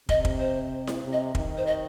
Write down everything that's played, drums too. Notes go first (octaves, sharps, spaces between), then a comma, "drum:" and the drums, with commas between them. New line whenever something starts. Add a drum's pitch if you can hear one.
C3 D#5, drum: kick
drum: kick
C5
drum: snare E4
C3
D#5
D#3, drum: kick
C5
D#5